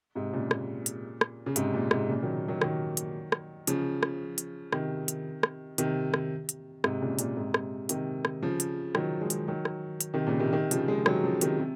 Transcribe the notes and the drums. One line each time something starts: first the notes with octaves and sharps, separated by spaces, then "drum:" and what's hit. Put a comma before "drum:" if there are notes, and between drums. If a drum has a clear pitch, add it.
G#2 C3
A#2 C#3
drum: rim click
drum: hi-hat
drum: rim click
C#3
G#2 C3, drum: hi-hat
A#2
G#2 C3, drum: rim click
A#2 C#3
D#3 F#3
D#3 F#3
D#3 F#3, drum: rim click
drum: hi-hat
drum: rim click
C#3 F3, drum: hi-hat
drum: rim click
drum: hi-hat
C3 D#3, drum: rim click
drum: hi-hat
drum: rim click
C3 D#3, drum: hi-hat
drum: rim click
drum: hi-hat
G#2 C3, drum: rim click
A#2 C#3
A#2, drum: hi-hat
G#2 C3
drum: rim click
C3 D#3, drum: hi-hat
drum: rim click
C#3 F3
drum: hi-hat
D#3 F#3, drum: rim click
F3 G#3
drum: hi-hat
D#3 F#3
drum: rim click
drum: hi-hat
C3 D#3
A#2 C#3
C3 D#3
C3 D#3
C#3 F3, drum: hi-hat
F3 G#3
D#3 F#3, drum: rim click
C#3 F3
C3 D#3, drum: hi-hat
C3